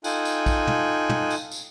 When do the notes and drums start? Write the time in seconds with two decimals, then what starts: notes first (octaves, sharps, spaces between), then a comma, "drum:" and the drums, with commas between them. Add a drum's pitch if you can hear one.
0.04 D#4 F4 A4 G5 G#5 F#6, drum: tambourine
0.25 drum: tambourine
0.46 drum: kick, tambourine
0.67 drum: tom
1.09 drum: tom
1.30 drum: tambourine
1.51 drum: tambourine